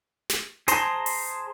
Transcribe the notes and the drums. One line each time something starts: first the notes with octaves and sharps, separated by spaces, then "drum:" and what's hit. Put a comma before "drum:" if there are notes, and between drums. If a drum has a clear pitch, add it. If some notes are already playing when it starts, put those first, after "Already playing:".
drum: snare
G#4 C5 A5 A#5 C6, drum: hi-hat
drum: open hi-hat